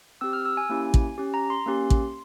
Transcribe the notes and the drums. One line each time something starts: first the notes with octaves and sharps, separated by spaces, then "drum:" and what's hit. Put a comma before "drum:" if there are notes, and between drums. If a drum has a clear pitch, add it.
C4 G4 E6
F6
E6
G#5
A#3 C#4 E4 G4
drum: kick
C#4 G4
A#5
C6
A#3 C#4 G4
drum: kick